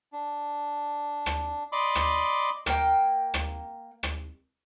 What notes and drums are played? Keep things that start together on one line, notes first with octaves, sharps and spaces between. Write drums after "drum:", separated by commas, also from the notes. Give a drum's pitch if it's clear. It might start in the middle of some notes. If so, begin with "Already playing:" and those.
D4
drum: rim click
D5 D#5 B5 C6 D6
drum: rim click
A#3 G5, drum: rim click
drum: rim click
drum: rim click